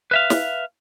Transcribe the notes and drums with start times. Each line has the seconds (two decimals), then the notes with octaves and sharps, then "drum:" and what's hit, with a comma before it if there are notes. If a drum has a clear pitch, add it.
0.11 B4 E5 F5
0.30 drum: snare